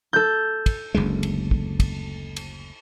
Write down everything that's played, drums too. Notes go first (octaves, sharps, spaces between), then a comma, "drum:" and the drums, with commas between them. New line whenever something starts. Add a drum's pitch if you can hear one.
A4 G6
drum: kick, cymbal
F#1 D2 G#3
drum: cymbal
drum: kick
drum: kick, cymbal
drum: cymbal